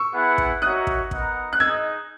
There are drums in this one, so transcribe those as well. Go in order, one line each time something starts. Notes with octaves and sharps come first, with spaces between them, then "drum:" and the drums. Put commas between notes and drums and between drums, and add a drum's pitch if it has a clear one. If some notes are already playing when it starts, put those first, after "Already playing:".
Already playing: C#6 E6
B3 E4 G#4 B4 F#5
drum: kick
D#4 F#4 A#4 C#5 E5 D#6 F#6
drum: kick
B3 D#4 A#4 D#5 F#5, drum: kick
F#6
D#4 G#4 D#5 E6 G#6